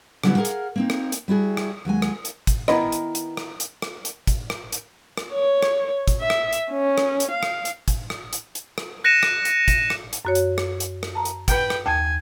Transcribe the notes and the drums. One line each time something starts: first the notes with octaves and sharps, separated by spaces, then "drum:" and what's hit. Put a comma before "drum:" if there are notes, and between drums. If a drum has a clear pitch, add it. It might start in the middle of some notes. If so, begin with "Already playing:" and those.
C#3 F#3 G3 B3 E4 F#5, drum: rim click
G#4 A#4 C5 F5 F#5
drum: hi-hat
A#3 C4 D#4
drum: rim click
drum: hi-hat
G3 E4 F#4 G#4
drum: rim click
D#2 F#3 G#3 G#5
drum: rim click
drum: hi-hat
drum: kick, hi-hat
D#3 B3 E4 D#5, drum: rim click
drum: hi-hat
drum: hi-hat
drum: rim click
drum: hi-hat
drum: rim click
drum: hi-hat
drum: kick, hi-hat
drum: rim click
drum: hi-hat
drum: rim click
C#5
drum: rim click
drum: kick, hi-hat
E5
drum: rim click
drum: hi-hat
C#4
drum: rim click
drum: hi-hat
F5
drum: rim click
drum: hi-hat
drum: kick, hi-hat
drum: rim click
drum: hi-hat
drum: hi-hat
drum: rim click
F#6 A#6 C#7 D#7 E7
drum: rim click
drum: hi-hat
drum: kick, hi-hat
drum: rim click
drum: hi-hat
F#2 F#4 C#5
drum: hi-hat
drum: rim click
drum: hi-hat
drum: rim click
A5 A#5
drum: hi-hat
B4 G5, drum: kick, hi-hat
drum: rim click
D#2 G#5 A5